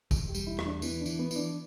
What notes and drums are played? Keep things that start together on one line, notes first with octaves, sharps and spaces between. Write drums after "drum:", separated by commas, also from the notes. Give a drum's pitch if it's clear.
E1, drum: kick, tambourine
G4
G3, drum: tambourine
E4
E2, drum: rim click
D4
E3 B3, drum: tambourine
D4
E3, drum: tambourine
B3
E3 D4, drum: tambourine